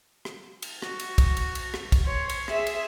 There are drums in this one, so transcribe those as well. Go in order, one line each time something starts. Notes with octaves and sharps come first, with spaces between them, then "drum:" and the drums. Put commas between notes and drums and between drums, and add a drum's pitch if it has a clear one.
drum: rim click
drum: cymbal
F#4, drum: rim click
drum: cymbal
drum: kick, cymbal
drum: cymbal
drum: cymbal
drum: rim click
drum: kick, cymbal
C#5 C6
drum: cymbal
G#4 E5, drum: rim click
drum: cymbal